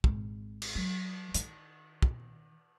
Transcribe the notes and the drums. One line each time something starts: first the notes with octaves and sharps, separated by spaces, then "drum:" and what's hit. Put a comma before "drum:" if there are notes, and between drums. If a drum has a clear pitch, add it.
G#1, drum: kick
drum: cymbal
F#3
D#3, drum: hi-hat
drum: kick